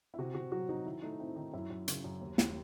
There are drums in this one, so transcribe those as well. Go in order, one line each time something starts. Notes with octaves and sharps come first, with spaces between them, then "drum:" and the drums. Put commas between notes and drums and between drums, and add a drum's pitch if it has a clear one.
E4
C3 F#4
C3 F#4
F#3 F#4
F#3 D#4
D#3 E4
A3 D#4
C4 E4
D#3 D#4
F#2 E4
F#2
C#3, drum: hi-hat
F#2
D#2
D#2, drum: snare